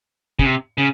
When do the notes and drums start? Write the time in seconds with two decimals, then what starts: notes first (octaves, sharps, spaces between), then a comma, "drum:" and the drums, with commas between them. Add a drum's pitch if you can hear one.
0.39 C#3, drum: kick
0.45 C3
0.78 C#3